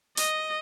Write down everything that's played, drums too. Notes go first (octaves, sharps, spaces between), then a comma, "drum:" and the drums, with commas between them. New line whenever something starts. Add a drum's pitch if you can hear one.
D#5, drum: hi-hat